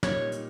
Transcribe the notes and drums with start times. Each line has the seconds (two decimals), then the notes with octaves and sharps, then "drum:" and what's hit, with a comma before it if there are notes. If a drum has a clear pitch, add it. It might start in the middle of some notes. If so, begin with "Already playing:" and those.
0.03 A#2 G3 A#3 D#4 C#5, drum: snare
0.32 drum: hi-hat